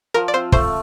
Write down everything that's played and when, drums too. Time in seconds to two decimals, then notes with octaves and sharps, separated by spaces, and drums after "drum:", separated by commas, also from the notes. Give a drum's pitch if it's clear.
0.14 F3 A#4
0.28 D5
0.33 C4 F4 C5
0.52 A3 C5, drum: kick